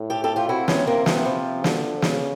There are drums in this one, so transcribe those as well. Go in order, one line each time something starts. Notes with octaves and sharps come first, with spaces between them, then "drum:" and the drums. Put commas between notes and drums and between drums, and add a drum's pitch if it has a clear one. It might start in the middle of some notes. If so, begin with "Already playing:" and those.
Already playing: A2
G4 A4
G4 A4
F4 G4
C3 E4 F#4
B3 C#4, drum: snare
A#3 C4
A3 B3, drum: snare
F3
D3, drum: snare
C#3, drum: snare